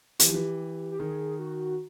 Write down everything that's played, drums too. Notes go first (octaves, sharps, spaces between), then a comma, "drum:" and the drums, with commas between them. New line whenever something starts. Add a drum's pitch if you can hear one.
E3 G4, drum: hi-hat
F3
E3
G4
D#3 G#4
F#4